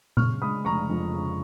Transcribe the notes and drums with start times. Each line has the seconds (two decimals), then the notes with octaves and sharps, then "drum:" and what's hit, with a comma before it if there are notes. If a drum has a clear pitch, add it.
0.17 C#3 C#6 F6, drum: tom A#2
0.42 G#3 B5 D#6
0.65 F1 A#5 C#6
0.89 F2
1.14 C#3